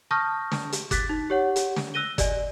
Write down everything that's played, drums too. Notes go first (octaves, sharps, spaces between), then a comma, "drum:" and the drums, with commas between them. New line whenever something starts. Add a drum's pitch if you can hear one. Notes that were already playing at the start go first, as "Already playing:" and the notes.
A5 C#6 D#6 F6 G6 A#6
drum: snare
drum: hi-hat
D6 F#6 A6 B6, drum: kick, hi-hat
D#4
G4 C#5 F#5
drum: hi-hat
drum: snare
E6 F#6 A#6 D#7 G7
D5 D#5 G#5, drum: kick, hi-hat